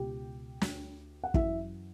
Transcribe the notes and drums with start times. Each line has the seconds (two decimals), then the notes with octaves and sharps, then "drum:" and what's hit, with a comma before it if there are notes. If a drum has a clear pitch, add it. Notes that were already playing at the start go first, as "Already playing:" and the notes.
Already playing: C#2 B2 G4 G5
0.61 D2 D3, drum: snare
1.24 F#5
1.34 F#2 E3 E4 E5, drum: kick